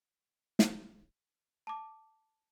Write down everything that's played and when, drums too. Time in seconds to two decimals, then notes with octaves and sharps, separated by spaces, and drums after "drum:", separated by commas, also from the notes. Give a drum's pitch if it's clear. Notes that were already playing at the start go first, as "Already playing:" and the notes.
0.59 drum: snare
1.67 A5 D6